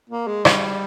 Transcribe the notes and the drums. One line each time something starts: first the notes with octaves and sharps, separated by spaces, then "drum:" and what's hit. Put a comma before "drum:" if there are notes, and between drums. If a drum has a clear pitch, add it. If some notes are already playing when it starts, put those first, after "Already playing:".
A#3
G#3
G3, drum: rim click